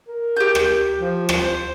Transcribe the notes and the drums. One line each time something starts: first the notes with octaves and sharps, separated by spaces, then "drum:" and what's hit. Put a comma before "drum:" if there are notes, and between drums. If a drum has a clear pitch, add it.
A#4
G4 G6
drum: rim click
F3
drum: rim click
C5